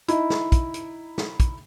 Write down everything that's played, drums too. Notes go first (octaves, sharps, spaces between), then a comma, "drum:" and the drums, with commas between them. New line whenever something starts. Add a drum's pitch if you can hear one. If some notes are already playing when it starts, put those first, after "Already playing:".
D#4 E4, drum: hi-hat
drum: snare
drum: kick, hi-hat
drum: hi-hat
drum: snare
drum: kick, hi-hat